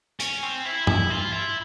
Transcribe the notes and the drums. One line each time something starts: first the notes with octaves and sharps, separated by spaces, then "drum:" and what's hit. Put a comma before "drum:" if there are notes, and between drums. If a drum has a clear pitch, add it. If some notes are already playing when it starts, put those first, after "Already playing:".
C#4, drum: hi-hat
C4
E4
E4, drum: tom G2
F4
E4